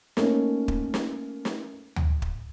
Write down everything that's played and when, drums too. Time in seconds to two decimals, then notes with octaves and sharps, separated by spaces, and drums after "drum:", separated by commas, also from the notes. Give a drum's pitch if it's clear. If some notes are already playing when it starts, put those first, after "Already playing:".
0.17 A3 A#3 C#4 D#4, drum: snare
0.68 drum: kick
0.94 drum: snare
1.45 drum: snare
1.96 drum: tom D2
2.22 drum: kick